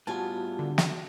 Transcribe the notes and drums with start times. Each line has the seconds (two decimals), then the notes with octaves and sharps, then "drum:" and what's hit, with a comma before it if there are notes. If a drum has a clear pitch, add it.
0.07 A2 G3 B3 F4 F#4 G#5 A5
0.59 D3
0.78 drum: snare